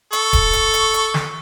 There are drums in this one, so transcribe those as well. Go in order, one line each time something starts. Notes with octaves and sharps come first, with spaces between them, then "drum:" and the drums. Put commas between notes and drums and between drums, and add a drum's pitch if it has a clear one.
A4 C#6, drum: hi-hat
drum: kick D1, hi-hat
drum: hi-hat
drum: hi-hat
drum: hi-hat
drum: snare